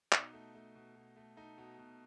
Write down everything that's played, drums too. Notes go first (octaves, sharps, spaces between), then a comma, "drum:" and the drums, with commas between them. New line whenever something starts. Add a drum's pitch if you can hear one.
B2 D#4, drum: clap
A3
A3
B2
B2
A3
A3 D#4
B2
B2